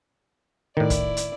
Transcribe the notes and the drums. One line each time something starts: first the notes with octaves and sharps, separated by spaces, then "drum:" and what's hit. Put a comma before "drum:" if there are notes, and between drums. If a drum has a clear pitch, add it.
A2 D#3 E4 D5
drum: kick, hi-hat
drum: hi-hat